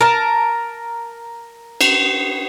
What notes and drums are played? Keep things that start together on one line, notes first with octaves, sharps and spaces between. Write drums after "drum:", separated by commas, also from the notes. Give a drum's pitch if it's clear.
A#4 A5
drum: cymbal